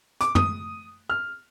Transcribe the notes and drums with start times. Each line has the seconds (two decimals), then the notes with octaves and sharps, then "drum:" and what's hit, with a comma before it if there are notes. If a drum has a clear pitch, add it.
0.21 D6, drum: hi-hat
0.35 D#6, drum: tom
1.10 F6